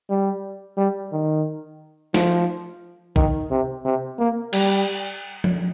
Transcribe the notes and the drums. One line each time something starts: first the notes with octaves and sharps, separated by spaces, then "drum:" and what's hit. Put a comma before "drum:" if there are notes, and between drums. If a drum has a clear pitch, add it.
G3
G3
D#3
F3, drum: snare
D#3, drum: kick
C3
C3
A#3
G3, drum: cymbal
drum: tom